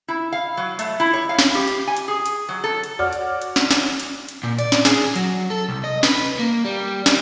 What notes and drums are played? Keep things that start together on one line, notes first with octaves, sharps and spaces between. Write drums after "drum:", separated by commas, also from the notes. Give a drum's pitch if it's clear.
E4
F5
F#3
A3, drum: hi-hat
E4
C#5
F5
drum: snare
G4
drum: hi-hat
G#5
drum: hi-hat
G#4
drum: hi-hat
F#3
A4
drum: hi-hat
F#4 C#5 D5 D6 F6
drum: hi-hat
drum: hi-hat
drum: snare
drum: snare
drum: hi-hat
drum: hi-hat
A#2
D5, drum: hi-hat
drum: snare
G#4, drum: snare
F#3, drum: hi-hat
A4
C2
D#5
B4, drum: snare
A#3
G3
G3, drum: snare